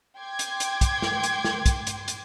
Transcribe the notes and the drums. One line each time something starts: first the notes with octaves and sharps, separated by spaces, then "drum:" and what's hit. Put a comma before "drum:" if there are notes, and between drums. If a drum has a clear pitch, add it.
G5 C6 D6 G#6
drum: hi-hat
drum: hi-hat
drum: kick, hi-hat
drum: snare
drum: hi-hat
drum: snare
drum: kick, hi-hat
drum: hi-hat
drum: hi-hat